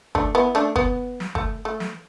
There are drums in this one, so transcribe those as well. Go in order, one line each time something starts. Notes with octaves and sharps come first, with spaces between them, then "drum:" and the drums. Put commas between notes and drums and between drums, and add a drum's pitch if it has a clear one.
A3 D4, drum: kick
B3 E4
A3 D4
B3, drum: kick
drum: snare
A3, drum: kick
A3
drum: snare